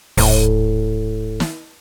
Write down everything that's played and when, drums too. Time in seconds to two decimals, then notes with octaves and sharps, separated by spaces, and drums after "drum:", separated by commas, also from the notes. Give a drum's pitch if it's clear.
0.17 D#1 A2, drum: open hi-hat
1.40 drum: snare